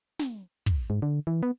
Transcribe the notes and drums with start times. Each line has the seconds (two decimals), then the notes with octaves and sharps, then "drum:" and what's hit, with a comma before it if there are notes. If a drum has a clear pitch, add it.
0.19 drum: snare
0.66 drum: kick
0.90 G#2
1.02 D3
1.27 E3
1.43 B3